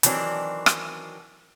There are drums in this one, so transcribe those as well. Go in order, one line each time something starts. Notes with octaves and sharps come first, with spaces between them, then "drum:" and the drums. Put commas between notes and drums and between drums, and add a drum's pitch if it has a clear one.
D#3 E3 F#3 C4 D4, drum: hi-hat
drum: rim click